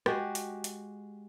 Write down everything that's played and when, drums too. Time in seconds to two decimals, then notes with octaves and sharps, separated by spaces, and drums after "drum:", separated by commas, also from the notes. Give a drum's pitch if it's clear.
0.06 G#3 F#4 G4, drum: rim click
0.35 drum: hi-hat
0.64 drum: hi-hat